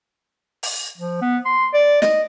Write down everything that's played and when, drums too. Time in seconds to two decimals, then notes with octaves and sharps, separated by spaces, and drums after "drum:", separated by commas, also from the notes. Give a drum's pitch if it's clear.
0.63 drum: open hi-hat
0.98 F3
1.21 B3
1.45 C6
1.74 D5
2.02 D#5, drum: snare